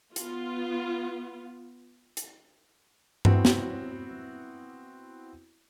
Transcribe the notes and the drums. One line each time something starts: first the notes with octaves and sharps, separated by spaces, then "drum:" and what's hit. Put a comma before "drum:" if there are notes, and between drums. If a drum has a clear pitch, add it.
B3 F4, drum: hi-hat
drum: hi-hat
B3 C4 E4 F#4, drum: tom G2
drum: snare